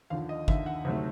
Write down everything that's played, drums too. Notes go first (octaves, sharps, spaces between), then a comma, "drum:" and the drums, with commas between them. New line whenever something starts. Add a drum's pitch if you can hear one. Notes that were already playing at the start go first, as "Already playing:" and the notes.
D#2 D3 F3 F5
D#5
D#2 D3 F3 E5, drum: kick G1
F#5
D2 C3 D#3 F#3 A3